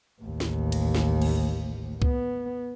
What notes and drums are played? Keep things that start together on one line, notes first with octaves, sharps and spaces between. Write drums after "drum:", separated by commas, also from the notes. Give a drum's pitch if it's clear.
A1 D#2
drum: snare
drum: cymbal
drum: snare
drum: cymbal
B3, drum: kick C2